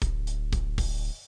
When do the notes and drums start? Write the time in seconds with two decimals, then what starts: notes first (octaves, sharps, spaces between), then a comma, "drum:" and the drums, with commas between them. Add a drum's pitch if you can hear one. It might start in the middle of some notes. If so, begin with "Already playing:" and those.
0.02 D1, drum: kick A1, hi-hat
0.27 drum: hi-hat
0.53 drum: kick A1, hi-hat
0.78 drum: kick A1, open hi-hat